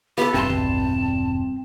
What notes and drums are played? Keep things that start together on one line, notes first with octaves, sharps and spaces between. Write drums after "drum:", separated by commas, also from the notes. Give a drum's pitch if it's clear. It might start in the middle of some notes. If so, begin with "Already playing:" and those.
B3 G4 A4
E1 G2 C3 C4 A5 C6
drum: tom